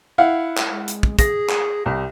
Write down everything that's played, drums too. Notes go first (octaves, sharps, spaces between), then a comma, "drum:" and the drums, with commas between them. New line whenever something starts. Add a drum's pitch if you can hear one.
E4 F5 F#5
drum: clap
G#3
drum: hi-hat
drum: kick
G#4 A#6, drum: kick, hi-hat
drum: clap
C2 G4